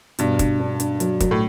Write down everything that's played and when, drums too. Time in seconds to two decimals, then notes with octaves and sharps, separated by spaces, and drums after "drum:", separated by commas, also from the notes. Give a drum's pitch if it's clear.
0.19 G2 B2, drum: hi-hat
0.39 D4, drum: kick, hi-hat
0.59 D4
0.80 D4, drum: hi-hat
1.00 F#3, drum: hi-hat
1.20 F#3, drum: kick, hi-hat
1.31 A2